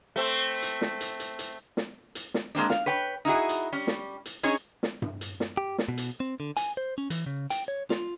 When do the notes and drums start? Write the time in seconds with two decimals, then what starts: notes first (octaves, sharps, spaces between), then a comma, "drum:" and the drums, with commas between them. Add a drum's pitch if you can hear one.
0.16 A3 C4
0.62 drum: hi-hat
0.81 drum: snare
1.01 drum: hi-hat
1.20 drum: hi-hat
1.39 drum: hi-hat
1.77 drum: snare
2.15 drum: hi-hat
2.34 drum: snare
2.55 G#3 A#3 C4 D4
2.70 F5, drum: snare
2.86 B4 C#5 G5
3.25 D#4 E4 F#4 G#4
3.49 drum: hi-hat
3.73 G3 C#4
3.87 drum: snare
4.26 drum: hi-hat
4.43 C#4 D#4 G#4 C#5, drum: hi-hat
4.83 drum: snare
5.02 drum: tom G2
5.21 drum: hi-hat
5.40 drum: snare
5.57 G4
5.78 drum: snare
5.89 B2
5.98 drum: hi-hat
6.20 C4
6.40 D3
6.57 G#5, drum: hi-hat
6.77 C5
6.98 C#4
7.10 E3, drum: hi-hat
7.26 C#3
7.50 G5, drum: hi-hat
7.68 C#5
7.90 F4, drum: snare